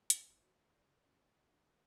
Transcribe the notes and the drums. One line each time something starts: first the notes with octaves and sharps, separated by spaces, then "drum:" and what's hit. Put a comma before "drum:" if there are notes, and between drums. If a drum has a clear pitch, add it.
F#5, drum: hi-hat
G1
F#4
F#5
D5
C#3
C#4
A#3
D3
D4
D#3
F#6